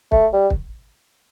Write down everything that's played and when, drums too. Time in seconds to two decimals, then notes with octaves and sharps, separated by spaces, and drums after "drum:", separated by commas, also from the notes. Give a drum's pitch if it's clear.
0.12 A3, drum: kick
0.33 G3
0.50 drum: kick